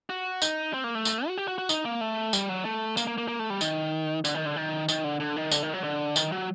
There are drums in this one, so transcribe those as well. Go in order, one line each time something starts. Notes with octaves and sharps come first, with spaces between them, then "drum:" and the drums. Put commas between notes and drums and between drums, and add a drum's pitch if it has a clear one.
F#4
D#4, drum: tambourine
C4
A#3
A3
drum: tambourine
F#4
G4
F#4
F#4
D#4, drum: tambourine
A#3
A3
G3, drum: tambourine
F#3
A3
A#3, drum: tambourine
A#3
A#3
A#3
A3
G3
D#3, drum: tambourine
D3, drum: tambourine
D#3
D3
D#3
D#3, drum: tambourine
D3
D3
D#3
D3, drum: tambourine
D#3
F#3
D3
D#3, drum: tambourine
F#3